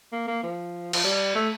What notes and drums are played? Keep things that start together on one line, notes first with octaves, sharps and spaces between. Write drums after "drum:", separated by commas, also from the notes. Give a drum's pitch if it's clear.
A#3
A#3
F3
F3, drum: cymbal
G3
A3